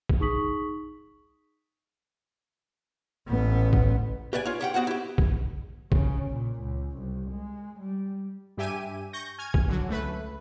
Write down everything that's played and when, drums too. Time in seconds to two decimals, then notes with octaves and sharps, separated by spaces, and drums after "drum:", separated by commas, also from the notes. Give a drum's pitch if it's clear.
0.09 drum: kick
0.20 D#4 G#4 C#6 D#6 B6 F#7
3.29 A1 B3
3.73 drum: kick
4.33 G4 B4 D5 F#5 G#5
4.45 F4 C#5
4.61 G4 F#5 G5
4.74 B3 F#4 C5 F#5
4.87 E4 G4
5.18 drum: kick
5.92 C#3, drum: kick
6.31 A#2
6.62 C#2
6.98 C2
7.31 G#3
7.80 G3
8.57 G2 G4 E5 G#5 D#7
9.13 C#6 G6 A#6
9.38 G#5 F6 G#6
9.54 drum: kick
9.68 D3 F#3
9.88 C#2 A3 B4